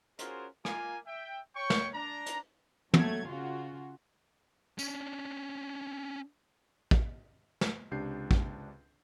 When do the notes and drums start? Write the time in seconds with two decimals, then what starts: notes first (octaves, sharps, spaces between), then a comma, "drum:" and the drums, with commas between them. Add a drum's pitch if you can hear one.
0.19 C#4 F4 F#4 G#4 A#4 C5, drum: hi-hat
0.65 A#3 F4 G#5, drum: rim click
1.07 E5 G5
1.56 C#5 G5 C#6
1.70 drum: snare
1.94 D4 A#5
2.26 drum: hi-hat
2.94 F#3 A3 G#6, drum: tom
3.27 C#3 F4 F#4
4.79 C#4 D4, drum: tambourine
6.91 drum: kick
7.61 drum: snare
7.91 C#2 C3 D4 G4 G6 C7
8.31 drum: kick